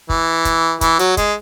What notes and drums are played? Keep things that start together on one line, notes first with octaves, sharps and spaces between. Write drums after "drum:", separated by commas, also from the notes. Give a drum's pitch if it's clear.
E3, drum: kick
drum: kick, hi-hat
E3, drum: kick, hi-hat
F#3, drum: hi-hat
G#3, drum: kick, hi-hat